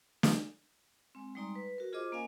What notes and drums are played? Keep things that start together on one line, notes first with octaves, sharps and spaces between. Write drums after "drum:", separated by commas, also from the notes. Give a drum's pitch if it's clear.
drum: snare
G#3 C4
G3 G#3 D#4 D5 A#5 C6
B4
F#4 A#4
F4 G#4 C5 D#5 D6
A#3 C#4 A#4 D#5 F5 G#5